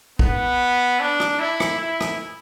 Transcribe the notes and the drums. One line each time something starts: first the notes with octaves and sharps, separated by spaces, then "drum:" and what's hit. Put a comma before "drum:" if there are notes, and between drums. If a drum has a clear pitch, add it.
B3, drum: kick
D4
drum: rim click
E4
drum: rim click
E4
drum: rim click